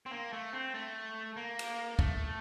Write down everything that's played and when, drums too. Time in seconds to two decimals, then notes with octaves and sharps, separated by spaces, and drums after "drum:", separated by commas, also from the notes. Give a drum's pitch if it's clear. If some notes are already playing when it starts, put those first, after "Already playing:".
0.06 C4
0.11 A#3
0.33 A3
0.53 C4
0.74 A3
1.37 A#3
1.59 drum: cymbal
1.99 A3, drum: kick